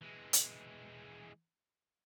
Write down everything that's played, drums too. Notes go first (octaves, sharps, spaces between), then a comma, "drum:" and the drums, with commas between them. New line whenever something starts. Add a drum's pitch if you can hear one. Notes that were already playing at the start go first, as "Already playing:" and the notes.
E3 G#3
drum: hi-hat